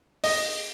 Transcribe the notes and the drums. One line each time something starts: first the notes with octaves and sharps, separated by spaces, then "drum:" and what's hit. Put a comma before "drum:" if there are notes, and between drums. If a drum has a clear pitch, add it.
D#5, drum: open hi-hat